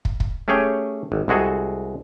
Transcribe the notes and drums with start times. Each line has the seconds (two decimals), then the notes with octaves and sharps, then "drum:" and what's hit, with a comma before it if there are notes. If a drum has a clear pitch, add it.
0.05 drum: kick
0.20 drum: kick
0.48 A3 C#4 G4 G#4 C#5 G5
1.12 G#1
1.28 C2 G#3 F#4 G#4 A4